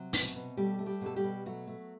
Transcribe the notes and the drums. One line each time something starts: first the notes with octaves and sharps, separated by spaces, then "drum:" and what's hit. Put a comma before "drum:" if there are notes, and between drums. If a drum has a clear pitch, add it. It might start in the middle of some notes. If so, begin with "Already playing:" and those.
Already playing: C3 F#3
B2, drum: open hi-hat
B2
G3 A3 G4
A3
G3 G4
B2 A4
G3 G4
B2
F#3 A3 F#4
A3